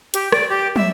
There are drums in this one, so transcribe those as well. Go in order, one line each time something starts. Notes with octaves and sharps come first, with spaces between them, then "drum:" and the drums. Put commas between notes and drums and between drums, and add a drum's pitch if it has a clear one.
G4, drum: hi-hat
D5, drum: rim click
G4
E5, drum: tom